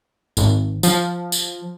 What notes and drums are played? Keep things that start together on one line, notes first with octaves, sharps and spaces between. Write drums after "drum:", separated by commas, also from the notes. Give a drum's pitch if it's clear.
G#1, drum: tambourine
F3, drum: tambourine
drum: tambourine